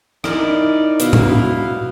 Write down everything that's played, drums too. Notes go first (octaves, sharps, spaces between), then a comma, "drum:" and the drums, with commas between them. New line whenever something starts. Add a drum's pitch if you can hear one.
D#4 E4 A#4 D5 E5, drum: rim click
B2 E4 E5 F5, drum: hi-hat
drum: tom A2